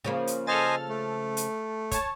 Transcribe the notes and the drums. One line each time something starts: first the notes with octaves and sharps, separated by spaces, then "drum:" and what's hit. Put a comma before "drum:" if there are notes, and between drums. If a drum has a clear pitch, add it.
C#3 F3 A#3
drum: hi-hat
A4 C5 D#5 G#5 F6 A6
A3
drum: hi-hat
C#5 A5, drum: kick, hi-hat